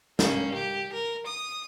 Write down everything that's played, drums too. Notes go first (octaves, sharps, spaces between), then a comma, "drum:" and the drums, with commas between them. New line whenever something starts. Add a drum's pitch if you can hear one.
A#3 C#4, drum: snare
G4
A#4
D#6